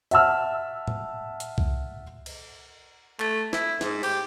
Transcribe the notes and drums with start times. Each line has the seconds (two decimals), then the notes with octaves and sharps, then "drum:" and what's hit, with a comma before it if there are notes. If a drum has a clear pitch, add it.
0.11 E5 F#5 A5 E6 F6, drum: hi-hat
0.88 drum: tom A2
1.40 drum: hi-hat
1.58 drum: kick C2
2.26 drum: cymbal
3.20 A3, drum: clap
3.53 E4, drum: snare
3.81 G#2, drum: snare
4.03 G4, drum: cymbal